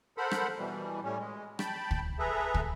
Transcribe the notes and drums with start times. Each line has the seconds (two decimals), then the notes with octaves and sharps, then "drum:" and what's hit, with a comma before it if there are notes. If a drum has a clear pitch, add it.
0.18 A4 A#4 C5 F#5 B5
0.31 drum: rim click
0.58 B2 E3 G3
1.03 A2 G3 C#4
1.19 G#3
1.59 G5 A5 B5, drum: rim click
1.91 drum: kick
2.19 G#4 A4 B4 E5 A#5
2.54 drum: kick